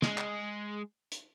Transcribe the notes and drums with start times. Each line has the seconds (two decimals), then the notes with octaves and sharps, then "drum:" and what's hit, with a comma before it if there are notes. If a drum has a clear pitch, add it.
0.02 G#3, drum: snare
0.18 drum: clap
1.12 drum: hi-hat